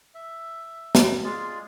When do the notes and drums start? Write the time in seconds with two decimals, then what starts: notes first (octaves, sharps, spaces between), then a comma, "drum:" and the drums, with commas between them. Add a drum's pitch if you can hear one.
0.15 E5
0.95 drum: snare
1.24 G#3 F4 G#4 D5